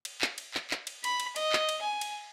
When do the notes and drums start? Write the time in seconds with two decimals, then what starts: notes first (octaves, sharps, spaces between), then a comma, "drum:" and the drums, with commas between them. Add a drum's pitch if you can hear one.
0.05 drum: cymbal
0.21 drum: clap
0.38 drum: cymbal
0.54 drum: clap
0.71 drum: clap
0.87 drum: cymbal
1.04 B5, drum: cymbal
1.20 drum: cymbal
1.36 D#5, drum: cymbal
1.52 drum: clap
1.69 drum: cymbal
1.81 G#5
2.01 drum: cymbal